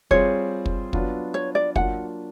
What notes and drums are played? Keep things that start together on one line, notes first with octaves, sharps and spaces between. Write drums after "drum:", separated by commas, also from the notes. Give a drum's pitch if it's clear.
G3 C4 F4 G#4 C5 C#5, drum: kick
drum: kick
F#3 B3 D4 F4, drum: kick
C#5
D5
F#3 A#3 D4 F4 F#5, drum: kick